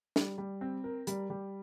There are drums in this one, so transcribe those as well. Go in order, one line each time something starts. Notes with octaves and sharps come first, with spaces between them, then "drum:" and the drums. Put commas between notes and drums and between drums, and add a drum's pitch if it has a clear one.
G3, drum: snare
G3
C4
A#4
G3, drum: hi-hat
G3